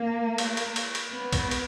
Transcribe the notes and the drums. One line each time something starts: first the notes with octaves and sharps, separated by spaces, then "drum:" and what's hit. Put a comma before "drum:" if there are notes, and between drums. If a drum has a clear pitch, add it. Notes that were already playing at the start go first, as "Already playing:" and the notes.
Already playing: A#3
drum: cymbal
drum: cymbal
drum: cymbal
drum: cymbal
B3
drum: kick B1, cymbal
drum: cymbal